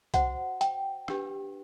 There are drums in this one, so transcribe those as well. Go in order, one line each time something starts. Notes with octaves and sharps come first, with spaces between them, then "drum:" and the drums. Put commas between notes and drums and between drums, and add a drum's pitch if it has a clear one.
F#4 C5 F#5, drum: kick C2, hi-hat
G5, drum: hi-hat
D4 G4 B4, drum: rim click